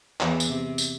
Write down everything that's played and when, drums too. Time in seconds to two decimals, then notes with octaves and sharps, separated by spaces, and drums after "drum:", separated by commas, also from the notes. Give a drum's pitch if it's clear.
0.21 E2 E3, drum: clap
0.40 drum: tambourine
0.49 C3
0.78 drum: tambourine